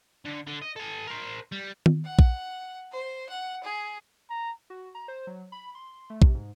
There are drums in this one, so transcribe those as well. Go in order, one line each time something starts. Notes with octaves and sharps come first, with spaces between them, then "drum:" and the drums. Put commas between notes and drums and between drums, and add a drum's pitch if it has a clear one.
D3
D3
D#5
A4 G#5
A#4 C5
G3
drum: tom D#3
F#5
drum: kick A#1
C5
F#5
G#4
A#5
F#4
A#5
C5
F#3
B5
C6
A3
C3, drum: kick A#1
G#2